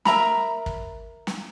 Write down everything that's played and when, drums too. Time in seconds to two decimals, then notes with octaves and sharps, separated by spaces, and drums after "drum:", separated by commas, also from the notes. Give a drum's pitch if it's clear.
0.05 A#4 E5 A#5 B5, drum: snare
0.66 drum: kick
1.27 drum: snare